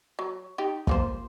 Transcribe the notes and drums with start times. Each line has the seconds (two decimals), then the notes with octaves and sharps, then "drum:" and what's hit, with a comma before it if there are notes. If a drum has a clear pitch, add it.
0.19 F#3
0.58 D#4 G4
0.87 F3 A#3 C5, drum: kick